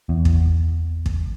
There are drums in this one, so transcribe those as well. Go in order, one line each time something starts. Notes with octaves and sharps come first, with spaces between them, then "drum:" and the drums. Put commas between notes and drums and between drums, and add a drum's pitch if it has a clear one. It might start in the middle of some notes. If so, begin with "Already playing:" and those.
E2
drum: kick
drum: kick